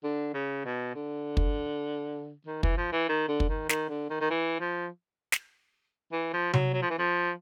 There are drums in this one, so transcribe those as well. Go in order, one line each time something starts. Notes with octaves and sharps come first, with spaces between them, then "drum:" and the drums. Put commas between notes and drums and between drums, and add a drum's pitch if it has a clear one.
D3
C#3
B2
D3
drum: kick
D#3
E3, drum: kick
F3
E3
D#3
D3
drum: kick
D#3
D#3, drum: snare
D3
D#3
D#3
E3
F3
drum: snare
E3
F3
F#3, drum: tom C3
F#3
F3
E3
F3